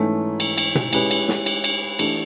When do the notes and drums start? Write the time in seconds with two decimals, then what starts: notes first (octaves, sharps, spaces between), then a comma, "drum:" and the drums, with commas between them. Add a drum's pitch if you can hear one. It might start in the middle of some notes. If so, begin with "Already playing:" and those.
Already playing: G#2 E3 A3 C#4
0.40 drum: cymbal
0.58 drum: cymbal
0.75 drum: tom B2
0.93 G#3 C#4 E4 G4 B4, drum: cymbal
1.11 drum: cymbal
1.29 drum: snare
1.46 drum: cymbal
1.64 drum: cymbal
1.99 E3 A3 D4 G4, drum: cymbal